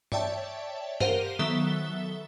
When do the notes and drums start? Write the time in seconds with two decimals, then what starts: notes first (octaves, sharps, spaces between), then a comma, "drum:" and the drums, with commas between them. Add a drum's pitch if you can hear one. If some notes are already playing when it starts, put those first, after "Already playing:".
0.12 C#5 D5 E5 G5 A5, drum: tom G2
1.00 G4 A#4 C5 F5 F#5 D#7, drum: tom G2
1.39 D#3 F#3 B3 A4 E5 G7